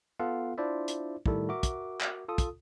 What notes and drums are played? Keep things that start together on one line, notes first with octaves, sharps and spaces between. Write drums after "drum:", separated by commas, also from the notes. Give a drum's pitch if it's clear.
B3 F4 A4 F5 F#5
D4 E4 F4 C5 D5 E5
drum: hi-hat
A2 D#3 G3 A3 E4 A4, drum: kick
F#4 A#4 E5 D6
drum: kick, hi-hat
drum: clap
F4 A4 D#6
drum: kick, hi-hat